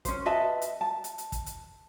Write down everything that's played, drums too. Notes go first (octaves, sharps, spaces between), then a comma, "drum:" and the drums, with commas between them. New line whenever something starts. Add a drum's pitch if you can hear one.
C#4 C5, drum: kick, hi-hat
B4 D#5 E5 A5
drum: hi-hat
A5
drum: hi-hat
drum: hi-hat
drum: kick, hi-hat
drum: hi-hat